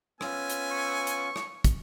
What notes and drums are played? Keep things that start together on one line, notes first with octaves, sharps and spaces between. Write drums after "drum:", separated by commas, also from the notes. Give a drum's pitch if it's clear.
B3 C#4 F4 G#5 E6, drum: rim click
drum: hi-hat
C#6
drum: hi-hat
drum: rim click
drum: kick, hi-hat